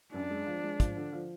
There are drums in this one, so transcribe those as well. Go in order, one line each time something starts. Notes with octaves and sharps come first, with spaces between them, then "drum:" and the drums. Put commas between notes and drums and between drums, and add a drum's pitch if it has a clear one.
F#2 D4
G#3
F3
G#3
F3, drum: kick, hi-hat
D3
F3